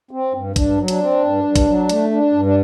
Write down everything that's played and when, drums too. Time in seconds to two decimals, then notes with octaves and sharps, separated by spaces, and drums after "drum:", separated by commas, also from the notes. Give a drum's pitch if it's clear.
0.11 C4
0.33 G2
0.56 G2 D4, drum: kick, hi-hat
0.78 F#3
0.88 D4, drum: hi-hat
1.01 C4
1.23 G2
1.44 G2
1.56 drum: kick, hi-hat
1.67 F#3
1.89 A3, drum: hi-hat
2.11 D4
2.33 G2
2.46 D4